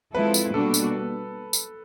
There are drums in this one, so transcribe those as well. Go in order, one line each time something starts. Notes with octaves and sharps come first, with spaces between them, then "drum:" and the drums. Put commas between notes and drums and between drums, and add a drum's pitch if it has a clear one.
F3 G#3 C4 E4 A4 B4
drum: tambourine
B2 G3 A#3 D4 F#4 A4
drum: tambourine
drum: tambourine